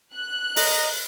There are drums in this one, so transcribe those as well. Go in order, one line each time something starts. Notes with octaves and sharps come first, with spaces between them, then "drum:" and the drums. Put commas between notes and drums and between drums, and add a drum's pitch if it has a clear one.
F#6
D#5 A#5, drum: open hi-hat